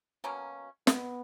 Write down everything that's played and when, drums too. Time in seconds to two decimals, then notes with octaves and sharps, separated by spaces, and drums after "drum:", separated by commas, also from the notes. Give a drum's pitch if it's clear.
0.24 B2 F#3 A#3 C#4
0.87 B3, drum: snare